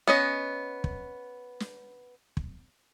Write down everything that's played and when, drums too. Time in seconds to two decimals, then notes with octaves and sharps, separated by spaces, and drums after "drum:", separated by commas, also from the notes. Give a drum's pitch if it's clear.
0.07 B3 C#4 D#5, drum: snare
0.84 drum: kick
1.60 drum: snare
2.37 drum: kick